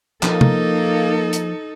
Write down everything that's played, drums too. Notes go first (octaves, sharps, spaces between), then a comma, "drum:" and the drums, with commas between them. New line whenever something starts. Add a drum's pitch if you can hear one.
F3 A#3 D#4 A4, drum: clap
drum: tom
drum: hi-hat